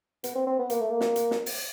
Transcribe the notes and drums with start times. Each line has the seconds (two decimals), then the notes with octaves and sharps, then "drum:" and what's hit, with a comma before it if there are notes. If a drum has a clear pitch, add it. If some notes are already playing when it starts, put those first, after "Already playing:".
0.24 B3, drum: hi-hat
0.35 C4
0.47 C4
0.59 B3
0.70 A#3, drum: hi-hat
0.81 A3
0.90 A#3
1.00 drum: snare
1.16 drum: hi-hat
1.31 drum: snare
1.46 drum: open hi-hat